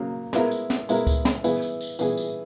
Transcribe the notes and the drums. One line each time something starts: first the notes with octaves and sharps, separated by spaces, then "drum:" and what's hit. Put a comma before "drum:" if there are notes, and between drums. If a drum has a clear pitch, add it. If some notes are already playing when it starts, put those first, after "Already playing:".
Already playing: C#3 F#3 A#3
G#3 B3 E4 A#4, drum: snare
drum: tambourine
drum: snare
G#3 B3 E4 A#4, drum: tambourine
drum: kick C#2, tambourine
drum: snare
E3 B3 E4 G#4, drum: tambourine
drum: tambourine
drum: tambourine
E3 B3 E4 G#4, drum: tambourine
drum: tambourine